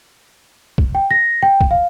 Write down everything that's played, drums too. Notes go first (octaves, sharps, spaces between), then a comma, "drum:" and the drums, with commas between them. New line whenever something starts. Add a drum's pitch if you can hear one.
drum: kick
G5
A#6
G5
drum: kick
F5